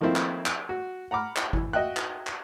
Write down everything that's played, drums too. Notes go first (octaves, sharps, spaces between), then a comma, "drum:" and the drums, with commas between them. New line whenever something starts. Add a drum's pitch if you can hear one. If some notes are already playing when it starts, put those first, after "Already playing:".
D#3 F3 A3 A#3 C4 E4
drum: clap
drum: clap
F#4
F#5 A#5 B5 D6 F6
drum: clap
E3, drum: kick G1
F#4 D#5 E5 G5 F#6
drum: clap
drum: clap